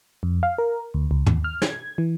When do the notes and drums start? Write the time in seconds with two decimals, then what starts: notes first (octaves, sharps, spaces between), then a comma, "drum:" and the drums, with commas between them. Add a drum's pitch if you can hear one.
0.23 F2
0.43 F5
0.58 A#4
0.94 D2
1.11 C#2
1.26 D#2, drum: tom
1.44 F6
1.62 G#6, drum: snare
1.98 E3